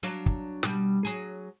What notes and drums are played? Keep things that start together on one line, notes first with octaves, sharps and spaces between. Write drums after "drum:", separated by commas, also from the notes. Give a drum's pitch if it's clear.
F#3 D4 F5
drum: kick
B2 G3, drum: snare
F#3 G#4